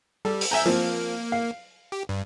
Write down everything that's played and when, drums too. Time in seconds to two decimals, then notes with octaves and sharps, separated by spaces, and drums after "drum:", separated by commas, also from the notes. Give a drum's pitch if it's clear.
0.25 G3 A4
0.41 drum: open hi-hat
0.51 E5 G#5 A#5 E6 G6
0.66 F3 A#3 C4
1.32 F5
1.92 G4
2.09 G2